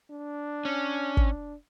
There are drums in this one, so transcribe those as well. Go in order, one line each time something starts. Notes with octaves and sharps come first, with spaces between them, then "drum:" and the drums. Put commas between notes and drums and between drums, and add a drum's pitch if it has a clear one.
D4
C#4
drum: kick